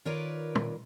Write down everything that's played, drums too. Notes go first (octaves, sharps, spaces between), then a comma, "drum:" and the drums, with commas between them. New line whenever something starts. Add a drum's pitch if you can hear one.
D#3 F4 A#4 B4 C#5 D5
drum: tom